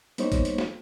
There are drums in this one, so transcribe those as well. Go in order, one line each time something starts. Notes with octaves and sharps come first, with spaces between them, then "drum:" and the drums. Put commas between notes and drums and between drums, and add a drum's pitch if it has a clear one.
G3 A#3 B3 D#4 C5 C#5, drum: hi-hat
drum: kick, hi-hat
drum: hi-hat
drum: snare